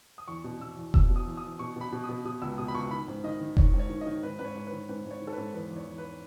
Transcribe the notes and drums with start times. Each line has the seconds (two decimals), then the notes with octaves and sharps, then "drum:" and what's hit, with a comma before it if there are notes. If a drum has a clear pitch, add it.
0.18 D#6
0.28 E2 C#6
0.44 B2
0.61 B2 E6
0.77 E2
0.94 B2 E6, drum: kick F1
1.10 B2
1.16 D#6
1.27 E2
1.37 D#6
1.43 E2
1.59 B2 C#6
1.76 B2
1.81 B5
1.92 B2
2.04 B2 D#6
2.25 B2 D#6
2.42 C#2 E6
2.58 B2 D#6
2.68 B5
2.75 C#2 C#6
2.91 D#3 B5
3.08 G#2
3.24 D#3 D#5
3.41 D#3
3.57 D#3 C#5, drum: kick F1
3.74 G#2
3.79 C#5
3.89 D#3
4.01 D#3 D#5
4.23 G#2 B4
4.39 G#2 B4
4.45 C#5
4.56 G#2
4.67 B4
4.72 D#3
4.89 G#2 B4
5.05 G#2
5.11 C#5
5.22 D#3
5.27 A4
5.33 B4
5.38 G#2
5.54 E2 B4
5.71 E2
5.76 C#5
5.88 E2
5.98 B4